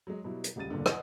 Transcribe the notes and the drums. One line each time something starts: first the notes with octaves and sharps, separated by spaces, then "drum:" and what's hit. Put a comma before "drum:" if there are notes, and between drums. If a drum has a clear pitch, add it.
F#3 G#3
B2 F#3 G3 E4
drum: hi-hat
D#1 C#2 C#3 G3 A6 D#7
G1 E2 A#2 D3
B4 D5 D#5 F#5 D#6, drum: rim click